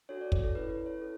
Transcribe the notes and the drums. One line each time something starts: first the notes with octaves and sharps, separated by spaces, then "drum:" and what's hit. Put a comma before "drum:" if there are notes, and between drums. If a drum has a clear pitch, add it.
D4 F#4 A4 C#5
D5
C#5, drum: kick
A4
C#4 E4 A4 B4
B4
C#5
C#4 E4 A4